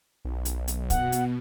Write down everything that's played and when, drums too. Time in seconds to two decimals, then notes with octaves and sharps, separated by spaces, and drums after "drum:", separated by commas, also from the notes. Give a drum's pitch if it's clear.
0.25 B1
0.45 drum: hi-hat
0.68 drum: hi-hat
0.90 B2 F#5, drum: kick, hi-hat
1.12 drum: hi-hat